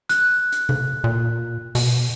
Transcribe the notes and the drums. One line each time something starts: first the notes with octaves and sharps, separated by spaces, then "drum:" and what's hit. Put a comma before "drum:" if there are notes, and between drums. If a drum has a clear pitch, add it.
F#6, drum: hi-hat
drum: hi-hat
drum: tom C3
A#2
B2, drum: open hi-hat